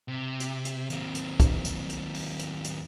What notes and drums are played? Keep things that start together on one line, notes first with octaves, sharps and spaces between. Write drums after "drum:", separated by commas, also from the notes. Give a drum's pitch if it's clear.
C3
drum: hi-hat
drum: hi-hat
D#2 C4, drum: hi-hat
drum: hi-hat
drum: kick, hi-hat
drum: hi-hat
drum: hi-hat
drum: open hi-hat
drum: hi-hat
drum: hi-hat